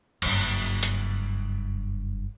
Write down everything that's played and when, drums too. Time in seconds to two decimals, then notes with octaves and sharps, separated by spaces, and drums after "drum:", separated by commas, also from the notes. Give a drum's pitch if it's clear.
0.22 F#1 G2, drum: cymbal
0.83 drum: hi-hat